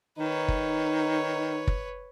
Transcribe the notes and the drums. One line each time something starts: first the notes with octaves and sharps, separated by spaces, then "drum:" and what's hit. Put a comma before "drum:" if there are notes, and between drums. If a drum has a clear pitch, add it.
D#3 D#4 B4 C#5
drum: kick
drum: kick